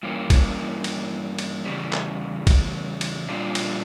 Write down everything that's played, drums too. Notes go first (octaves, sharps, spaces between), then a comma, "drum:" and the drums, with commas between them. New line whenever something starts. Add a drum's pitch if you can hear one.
G2 E3 A#3 C#4
drum: kick B1, cymbal
drum: cymbal
drum: cymbal
E2 C#3 G3
drum: clap
drum: kick B1, cymbal
drum: cymbal
A#2 G3 D4 F4
drum: cymbal